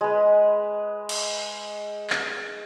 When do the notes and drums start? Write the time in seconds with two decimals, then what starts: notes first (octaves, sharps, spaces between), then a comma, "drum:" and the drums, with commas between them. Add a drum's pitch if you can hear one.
0.01 G#3 B4
1.09 drum: cymbal
2.10 drum: clap